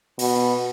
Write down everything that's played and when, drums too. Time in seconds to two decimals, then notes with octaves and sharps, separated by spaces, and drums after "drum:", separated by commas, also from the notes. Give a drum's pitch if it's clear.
0.19 B2, drum: open hi-hat